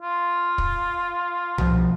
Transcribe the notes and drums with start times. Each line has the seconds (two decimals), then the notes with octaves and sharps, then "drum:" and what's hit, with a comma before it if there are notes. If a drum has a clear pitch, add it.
0.01 F4
0.58 drum: kick
1.58 B2 F3, drum: tom C2